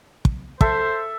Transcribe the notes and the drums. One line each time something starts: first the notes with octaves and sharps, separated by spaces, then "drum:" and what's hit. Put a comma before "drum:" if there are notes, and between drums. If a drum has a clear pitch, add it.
drum: kick
A4 C5 E5, drum: kick